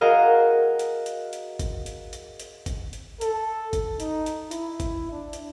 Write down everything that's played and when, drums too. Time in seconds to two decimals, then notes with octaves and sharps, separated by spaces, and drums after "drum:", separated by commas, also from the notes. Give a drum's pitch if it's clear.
0.01 F#4 G#4 A#4 D#5 F5
0.79 drum: hi-hat
1.06 drum: hi-hat
1.33 drum: hi-hat
1.59 drum: kick, hi-hat
1.86 drum: hi-hat
2.13 drum: hi-hat
2.40 drum: hi-hat
2.66 drum: kick, hi-hat
2.93 drum: hi-hat
3.21 A4, drum: hi-hat
3.73 drum: kick, hi-hat
4.00 D#4, drum: hi-hat
4.26 drum: hi-hat
4.51 E4, drum: hi-hat
4.80 drum: kick, hi-hat
5.11 D4
5.33 drum: hi-hat